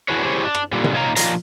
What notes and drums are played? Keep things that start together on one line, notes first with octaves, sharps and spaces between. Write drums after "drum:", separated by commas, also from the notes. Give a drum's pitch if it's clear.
D4 E4 F#4 G#4 B4 C#5
E4 G4 G#4 C5 C#5
D4
drum: rim click
A#2 D3 G3
drum: tom C3
A#2 D#4 C#5 F5 A#5
A#2 D#3 F3 F5 A#5, drum: hi-hat